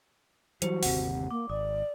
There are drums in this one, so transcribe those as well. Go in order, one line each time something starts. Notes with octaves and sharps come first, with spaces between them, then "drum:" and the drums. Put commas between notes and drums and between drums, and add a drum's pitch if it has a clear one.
E3 F#3 G3 F#4 C5, drum: hi-hat
G1 D#2 C3 F#5, drum: open hi-hat
A#3 D6
G#1 D5 D#6